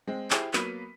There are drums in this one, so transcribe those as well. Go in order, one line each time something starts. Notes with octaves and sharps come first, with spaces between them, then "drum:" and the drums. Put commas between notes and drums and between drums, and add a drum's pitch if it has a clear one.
G#3 C4
E4 G4 G#4 C5, drum: clap
F#3 A#3 B3 B4 B6 D#7, drum: clap